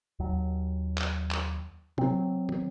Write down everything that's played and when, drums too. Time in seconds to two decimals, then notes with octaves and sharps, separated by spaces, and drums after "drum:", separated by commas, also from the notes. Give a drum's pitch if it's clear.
0.19 D#2 F#3
0.98 drum: clap
1.31 drum: clap
1.98 F#3 C4, drum: tom C3
2.49 drum: tom